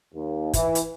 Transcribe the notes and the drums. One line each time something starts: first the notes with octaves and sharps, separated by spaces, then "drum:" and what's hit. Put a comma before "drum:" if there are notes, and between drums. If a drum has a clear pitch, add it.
D#2
E3, drum: kick, hi-hat
drum: hi-hat